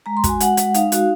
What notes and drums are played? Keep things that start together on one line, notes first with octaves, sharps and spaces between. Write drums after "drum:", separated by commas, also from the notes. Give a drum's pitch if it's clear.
G#3 A#5
C6
F#4, drum: kick, hi-hat
G#5
G#3 F#5, drum: hi-hat
G#3, drum: hi-hat
D#4 F5, drum: hi-hat
F#4, drum: hi-hat